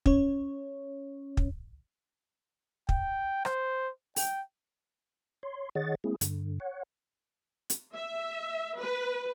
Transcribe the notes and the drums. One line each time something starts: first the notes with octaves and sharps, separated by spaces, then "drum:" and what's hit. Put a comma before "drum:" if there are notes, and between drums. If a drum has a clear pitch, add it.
C#4 C#5, drum: kick
drum: kick
G5, drum: kick
C5, drum: rim click
G5, drum: open hi-hat
C#5 C6
D#3 G#4 C#5 D#5 F#5 A6
G#3 A#3 C4 E4 G#4
G2 D3, drum: hi-hat
C#5 F#5
drum: hi-hat
E5
B4